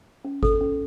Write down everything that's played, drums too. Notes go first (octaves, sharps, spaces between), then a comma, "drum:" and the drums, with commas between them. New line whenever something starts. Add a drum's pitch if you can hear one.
C#4
A4, drum: kick G1
C#4